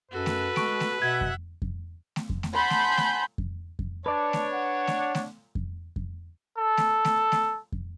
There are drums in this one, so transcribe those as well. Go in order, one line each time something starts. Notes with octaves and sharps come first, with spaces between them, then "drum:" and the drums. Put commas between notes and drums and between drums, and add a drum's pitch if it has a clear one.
F#2 F#4 A4 B4
drum: snare A3
G#3 C#6 D7, drum: snare A3
drum: snare A3
B2 E5 F#5 G#6
drum: kick F2
drum: kick F2
drum: snare A3
drum: kick F2
drum: snare A3
F#5 G#5 A5 B5 C6 G6
drum: snare A3
drum: snare A3
drum: kick F2
drum: kick F2
D4 B4 C#5 D5 A5
drum: snare A3
F#5
drum: snare A3
drum: snare A3
drum: kick F2
drum: kick F2
A4
drum: snare A3
drum: snare A3
drum: snare A3
drum: kick F2